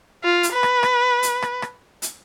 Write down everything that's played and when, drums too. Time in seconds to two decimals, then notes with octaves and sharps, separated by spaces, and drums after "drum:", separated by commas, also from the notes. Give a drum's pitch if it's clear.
0.24 F4
0.43 drum: hi-hat
0.53 B4
0.63 drum: rim click
0.83 drum: rim click
1.23 drum: hi-hat
1.42 drum: rim click
1.62 drum: rim click
2.02 drum: hi-hat